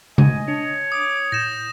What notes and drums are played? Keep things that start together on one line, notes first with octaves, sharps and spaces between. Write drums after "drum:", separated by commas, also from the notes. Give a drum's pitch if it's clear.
D#5 G#5, drum: tom C#3
D4 C#5
D6 D#6
A2 G6 A#6 E7